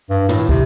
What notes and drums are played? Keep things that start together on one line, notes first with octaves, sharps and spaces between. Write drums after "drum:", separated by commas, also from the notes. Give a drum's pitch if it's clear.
G2
A2, drum: tom
C3, drum: kick